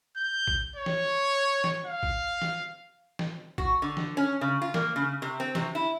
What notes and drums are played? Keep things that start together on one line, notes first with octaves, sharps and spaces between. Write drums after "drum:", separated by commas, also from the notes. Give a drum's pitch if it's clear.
G6
drum: kick
C#5
drum: snare
drum: snare
F5
drum: kick
drum: snare
drum: snare
F#4, drum: kick
D3
drum: snare
C#4
C#3
F4
A#3, drum: snare
C#3
C3
C4
C3, drum: snare
E4